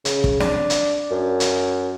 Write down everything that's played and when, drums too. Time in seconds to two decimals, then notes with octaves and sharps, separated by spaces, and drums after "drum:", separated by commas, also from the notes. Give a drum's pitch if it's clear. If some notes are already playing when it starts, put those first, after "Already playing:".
0.05 C#3, drum: hi-hat
0.24 drum: kick
0.40 D4, drum: snare
0.70 drum: hi-hat
1.11 F#2
1.40 drum: hi-hat